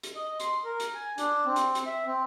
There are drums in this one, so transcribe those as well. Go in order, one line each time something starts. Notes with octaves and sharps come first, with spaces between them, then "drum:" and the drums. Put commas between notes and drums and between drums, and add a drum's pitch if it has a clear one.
drum: hi-hat
D#5
C6, drum: hi-hat
A#4
drum: hi-hat
G#5
D4, drum: hi-hat
C4
drum: hi-hat
drum: hi-hat
E5
C4